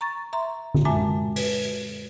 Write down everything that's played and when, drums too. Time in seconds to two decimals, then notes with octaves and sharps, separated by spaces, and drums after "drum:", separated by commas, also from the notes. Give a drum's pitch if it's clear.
0.01 A#5 C#6 A6
0.33 E5 A#5 C6
0.74 drum: tom D3
0.85 F#2 A#2 G#3 E5 G#5 A5
1.36 B4, drum: open hi-hat